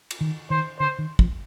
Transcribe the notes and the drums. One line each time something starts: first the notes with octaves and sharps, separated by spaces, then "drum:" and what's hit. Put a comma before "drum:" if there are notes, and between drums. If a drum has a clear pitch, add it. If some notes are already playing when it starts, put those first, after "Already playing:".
drum: cymbal
D#3
D#3 C5
D3 C5
D#3
F3, drum: kick